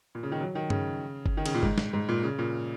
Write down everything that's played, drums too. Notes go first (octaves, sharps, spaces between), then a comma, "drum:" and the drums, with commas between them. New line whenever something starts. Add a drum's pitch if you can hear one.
A#2
C#3
D#3
F#3
D#3
C#3, drum: tom G2
drum: kick G1
D#3
C#3, drum: cymbal
A#2
G#2, drum: kick G1
drum: snare
G#2
A#2
C#3
A#2